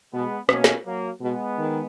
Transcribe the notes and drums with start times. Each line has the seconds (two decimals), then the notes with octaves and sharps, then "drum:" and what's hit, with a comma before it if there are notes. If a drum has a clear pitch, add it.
0.13 B2 G#3 B3
0.49 B2 A#3 C#4, drum: rim click
0.64 drum: snare
0.86 F#3 A#3
1.21 B2 G#3 B3
1.58 D#3